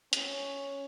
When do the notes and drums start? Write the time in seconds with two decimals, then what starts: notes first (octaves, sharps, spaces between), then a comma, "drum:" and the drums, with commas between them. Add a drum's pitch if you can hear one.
0.13 C#4, drum: hi-hat